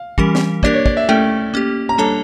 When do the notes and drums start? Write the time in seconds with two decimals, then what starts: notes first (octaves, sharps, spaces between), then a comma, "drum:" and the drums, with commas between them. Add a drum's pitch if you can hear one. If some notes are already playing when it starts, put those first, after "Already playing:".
Already playing: F5
0.18 E3 G3 C#4 G4 A#4, drum: kick
0.35 drum: snare
0.63 A#3 D4 G4 A#4 D5, drum: kick
0.74 C#5
0.86 D5, drum: kick
0.97 E5
1.09 A3 C#4 E4 A4 G5
1.54 A#3 C#4 G4
1.89 A#5
1.98 G3 A#3 D4 A4 C#5 A5